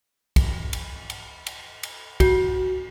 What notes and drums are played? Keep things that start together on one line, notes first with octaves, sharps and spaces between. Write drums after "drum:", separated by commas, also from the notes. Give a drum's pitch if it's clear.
drum: kick, cymbal
drum: cymbal
drum: cymbal
drum: cymbal
drum: cymbal
F#4, drum: kick, cymbal